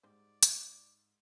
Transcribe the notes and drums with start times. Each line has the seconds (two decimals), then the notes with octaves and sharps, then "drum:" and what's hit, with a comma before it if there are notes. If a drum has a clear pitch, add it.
0.03 G#2 G3 D#4 C5 D5
0.43 drum: hi-hat